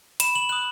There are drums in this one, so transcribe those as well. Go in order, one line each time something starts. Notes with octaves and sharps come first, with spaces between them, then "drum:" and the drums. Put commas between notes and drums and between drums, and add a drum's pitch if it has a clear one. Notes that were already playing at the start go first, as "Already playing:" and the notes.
B5 E7, drum: hi-hat
F#7
D#6 F#6 F#7